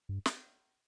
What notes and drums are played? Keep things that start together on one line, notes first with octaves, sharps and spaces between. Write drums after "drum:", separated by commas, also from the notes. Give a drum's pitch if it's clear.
G2
drum: snare